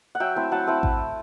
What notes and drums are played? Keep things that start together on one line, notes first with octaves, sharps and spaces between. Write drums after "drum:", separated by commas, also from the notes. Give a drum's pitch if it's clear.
F#5
F#3 E5 G5
A3 C4 E4
F#3 F#5 A5
A3 C4 E4
drum: kick A1